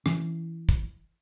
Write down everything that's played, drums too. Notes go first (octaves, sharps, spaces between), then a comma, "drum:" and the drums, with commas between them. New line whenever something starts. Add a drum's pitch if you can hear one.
E3 C#4, drum: rim click
drum: kick, hi-hat